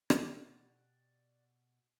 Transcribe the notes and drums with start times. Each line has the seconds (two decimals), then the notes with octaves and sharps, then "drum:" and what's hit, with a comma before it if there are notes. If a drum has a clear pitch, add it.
0.10 B2 G4 D5 F#5 C#6, drum: rim click